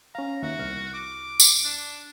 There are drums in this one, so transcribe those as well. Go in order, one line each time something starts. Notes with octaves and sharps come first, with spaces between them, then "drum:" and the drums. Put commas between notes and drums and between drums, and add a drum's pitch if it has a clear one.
C#4 F5 A#5
D#2 F#4 E5
C2 F6
D6
drum: tambourine
D4